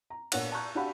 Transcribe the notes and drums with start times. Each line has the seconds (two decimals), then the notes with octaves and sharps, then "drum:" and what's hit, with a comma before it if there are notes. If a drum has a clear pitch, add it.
0.10 A#5
0.32 A#2 B3 D4 C#5 F#5 F#6, drum: cymbal
0.52 A5 A#5 C#6 F#6 G6
0.75 D4 F#4 G4 F5 F#5 B5